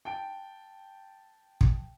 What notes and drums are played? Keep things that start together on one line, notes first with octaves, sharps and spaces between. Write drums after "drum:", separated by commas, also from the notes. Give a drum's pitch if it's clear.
G5 A5 D7
drum: kick